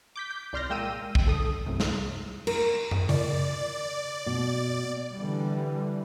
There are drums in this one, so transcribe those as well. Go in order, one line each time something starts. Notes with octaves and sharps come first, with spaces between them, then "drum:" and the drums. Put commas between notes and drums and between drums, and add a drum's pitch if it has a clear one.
D6 G6 B6
G6
C2 D5 C6 F6 G6 A#6
A#2 G#3 A#3 G5 E6 D#7
drum: kick
G1 D3 A4 D#6
C2 F#2 A2 C3
drum: snare
A#4, drum: cymbal
drum: tom
D5, drum: tom C#3
B2
D3 E3 G3